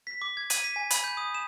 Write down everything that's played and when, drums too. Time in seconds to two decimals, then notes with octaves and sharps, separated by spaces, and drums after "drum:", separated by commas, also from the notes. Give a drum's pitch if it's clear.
0.07 B6
0.22 D6
0.37 G#6
0.50 D#7, drum: hi-hat
0.64 B6
0.76 G#5
0.90 B5, drum: hi-hat
1.04 G6
1.17 D#6
1.34 E7